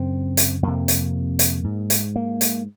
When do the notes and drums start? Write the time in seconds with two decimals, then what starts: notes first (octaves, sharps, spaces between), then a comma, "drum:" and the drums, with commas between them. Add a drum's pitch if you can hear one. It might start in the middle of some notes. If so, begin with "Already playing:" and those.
Already playing: F#2 C#3 C4
0.37 drum: hi-hat
0.63 F2 C3 A#3
0.88 drum: hi-hat
1.39 drum: hi-hat
1.64 G#2
1.90 drum: hi-hat
2.16 A#3
2.41 drum: hi-hat